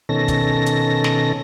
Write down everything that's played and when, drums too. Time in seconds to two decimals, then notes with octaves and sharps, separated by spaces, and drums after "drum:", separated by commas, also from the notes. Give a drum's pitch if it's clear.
0.09 B2 D#3 C#4 A4 A#6
0.28 drum: kick, hi-hat
0.66 drum: hi-hat
1.04 drum: snare